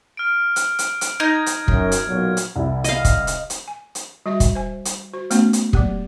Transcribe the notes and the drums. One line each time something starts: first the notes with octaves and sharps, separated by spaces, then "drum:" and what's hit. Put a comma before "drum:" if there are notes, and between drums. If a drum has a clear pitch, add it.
F6 D7
drum: hi-hat
drum: hi-hat
drum: hi-hat
D#4 G#6
drum: hi-hat
F#2, drum: kick
drum: hi-hat
B1 A#2 F#3
drum: hi-hat
C2 E4
D#5 F5, drum: hi-hat
drum: kick, hi-hat
drum: hi-hat
drum: hi-hat
G#5
drum: hi-hat
G3 F#4 D#5 E5
drum: kick, hi-hat
C5 G#5
drum: hi-hat
F#4 C5
A3 B3 C#4 F#4, drum: hi-hat
drum: hi-hat
F#3 A#3 G4, drum: kick